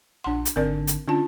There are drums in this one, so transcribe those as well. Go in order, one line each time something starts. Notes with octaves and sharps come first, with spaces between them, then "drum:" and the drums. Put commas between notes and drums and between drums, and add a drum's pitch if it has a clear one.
A#1 D4 F#5 C6
drum: hi-hat
G#1 D3 C4 A#4 D5
drum: hi-hat
D3 C#4 D4 F4 A5